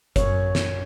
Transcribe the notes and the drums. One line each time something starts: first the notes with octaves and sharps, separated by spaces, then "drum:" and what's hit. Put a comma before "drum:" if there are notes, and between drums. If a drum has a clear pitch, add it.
F#2 C#5, drum: kick F#1, hi-hat
drum: snare